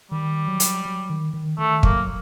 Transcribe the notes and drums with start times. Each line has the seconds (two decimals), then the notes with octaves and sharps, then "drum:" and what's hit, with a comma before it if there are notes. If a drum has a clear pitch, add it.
0.11 D#3 G3
0.48 F#3
0.60 drum: hi-hat
0.85 F#3
1.09 D#3
1.34 D#3
1.58 D#3 A3
1.83 F#3 A#3, drum: kick